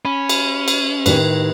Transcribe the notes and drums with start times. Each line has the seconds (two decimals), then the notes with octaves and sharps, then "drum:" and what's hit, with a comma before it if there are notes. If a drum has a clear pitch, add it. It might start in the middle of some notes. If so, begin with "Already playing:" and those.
0.05 C#4 B5
0.29 drum: cymbal
0.68 drum: cymbal
1.06 A2 D#3 G4 B4, drum: cymbal